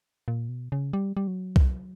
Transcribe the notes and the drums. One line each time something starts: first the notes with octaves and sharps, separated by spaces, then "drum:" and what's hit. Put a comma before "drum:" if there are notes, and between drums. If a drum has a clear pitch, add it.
A#2
B2
C#3
G3
G3
F#3
drum: kick C2